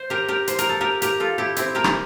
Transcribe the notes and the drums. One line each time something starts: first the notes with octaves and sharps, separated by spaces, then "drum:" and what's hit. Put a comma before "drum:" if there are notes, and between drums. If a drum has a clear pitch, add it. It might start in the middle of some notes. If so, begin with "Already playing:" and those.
Already playing: C5
G4 A#4
G4 A#4
C5, drum: hi-hat
A#4, drum: hi-hat
A4
G4 A#4
G4 A#4, drum: hi-hat
F4 A4
E4 G4
C4 E4, drum: hi-hat
G4 A#4
drum: rim click